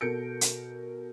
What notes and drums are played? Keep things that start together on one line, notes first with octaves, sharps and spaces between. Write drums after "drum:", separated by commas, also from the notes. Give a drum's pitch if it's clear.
B2 A4 A#4 G6 C#7 D7
drum: hi-hat